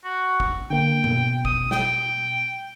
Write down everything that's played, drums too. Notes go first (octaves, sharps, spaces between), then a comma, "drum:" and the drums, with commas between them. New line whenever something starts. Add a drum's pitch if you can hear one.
F#4
drum: kick G#1
D3 A#3 G5
B2, drum: tom G2
D#6, drum: kick G#1
G5, drum: snare